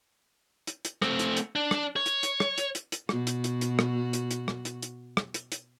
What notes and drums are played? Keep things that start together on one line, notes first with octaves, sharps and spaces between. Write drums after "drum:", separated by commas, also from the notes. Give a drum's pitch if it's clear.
drum: hi-hat
drum: hi-hat
A3 C4, drum: rim click
drum: hi-hat
drum: hi-hat
D4
drum: rim click
C#5
drum: hi-hat
drum: hi-hat
drum: rim click
drum: hi-hat
drum: hi-hat
drum: hi-hat
B2 F#4, drum: rim click
drum: hi-hat
drum: hi-hat
drum: hi-hat
drum: rim click
drum: hi-hat
drum: hi-hat
drum: rim click
drum: hi-hat
drum: hi-hat
drum: rim click
drum: hi-hat
drum: hi-hat